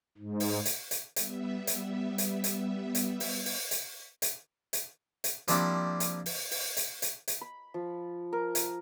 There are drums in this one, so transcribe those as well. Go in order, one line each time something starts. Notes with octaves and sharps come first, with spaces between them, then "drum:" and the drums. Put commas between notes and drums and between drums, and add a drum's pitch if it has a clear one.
G#2
drum: open hi-hat
drum: hi-hat
drum: hi-hat
G3 B3 E5, drum: hi-hat
drum: hi-hat
drum: hi-hat
drum: hi-hat
drum: hi-hat
drum: open hi-hat
drum: open hi-hat
drum: hi-hat
drum: hi-hat
drum: hi-hat
drum: hi-hat
F3 G3 A#3 C4 D4 E4, drum: hi-hat
drum: hi-hat
drum: open hi-hat
drum: open hi-hat
drum: hi-hat
drum: hi-hat
drum: hi-hat
B5
F3
A#4
drum: hi-hat